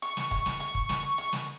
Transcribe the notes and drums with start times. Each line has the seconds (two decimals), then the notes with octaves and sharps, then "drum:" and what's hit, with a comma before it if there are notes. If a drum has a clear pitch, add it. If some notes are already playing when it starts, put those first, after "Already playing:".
0.02 C#6, drum: hi-hat
0.17 drum: snare
0.31 drum: kick, hi-hat
0.46 drum: snare
0.60 drum: hi-hat
0.75 drum: kick
0.89 drum: snare
1.18 drum: hi-hat
1.33 drum: snare